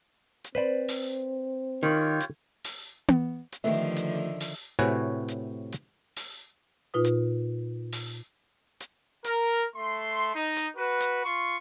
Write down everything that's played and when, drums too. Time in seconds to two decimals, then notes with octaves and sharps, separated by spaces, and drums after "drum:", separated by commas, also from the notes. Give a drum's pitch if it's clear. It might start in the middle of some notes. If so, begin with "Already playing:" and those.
0.44 drum: hi-hat
0.55 C4 B4 C5 D5
0.88 drum: open hi-hat
1.83 D#3 F4 G4 C#5
2.20 drum: hi-hat
2.64 drum: open hi-hat
3.08 drum: tom B3
3.52 drum: hi-hat
3.64 D3 D#3 F3 A3 B3 G4 E5
3.96 drum: hi-hat
4.40 drum: open hi-hat
4.79 A2 C3 F#4 B4 C#5 G#5
5.28 drum: hi-hat
5.72 drum: hi-hat
6.16 drum: open hi-hat
6.94 A#2 D#4 F4 B4 D#6
7.04 drum: hi-hat
7.92 drum: open hi-hat
8.80 drum: hi-hat
9.24 A#4, drum: hi-hat
9.74 A3 C6
10.35 D#4
10.56 drum: hi-hat
10.76 F#4 B4
11.00 drum: hi-hat
11.24 F4 C6 C#6